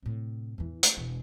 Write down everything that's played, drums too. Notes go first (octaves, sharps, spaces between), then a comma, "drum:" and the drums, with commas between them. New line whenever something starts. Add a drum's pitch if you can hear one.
A2 C3
E2 E3
A3, drum: hi-hat
E1 E3